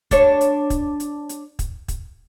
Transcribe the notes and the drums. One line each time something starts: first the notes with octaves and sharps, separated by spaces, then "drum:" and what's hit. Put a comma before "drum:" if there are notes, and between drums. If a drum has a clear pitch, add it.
D4 C#5, drum: kick, hi-hat
drum: hi-hat
drum: kick, hi-hat
drum: hi-hat
drum: hi-hat
drum: kick, hi-hat
drum: kick, hi-hat